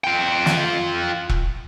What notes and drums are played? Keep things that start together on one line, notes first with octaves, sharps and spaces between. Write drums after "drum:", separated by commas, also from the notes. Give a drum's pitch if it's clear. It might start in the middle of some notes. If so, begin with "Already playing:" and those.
F4 G5
drum: snare
drum: kick E1